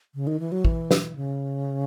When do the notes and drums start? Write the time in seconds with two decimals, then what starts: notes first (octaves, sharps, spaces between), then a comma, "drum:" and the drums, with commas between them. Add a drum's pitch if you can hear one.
0.15 C#3
0.27 D#3
0.40 E3
0.52 F#3
0.65 E3, drum: kick
0.91 drum: snare
1.16 C#3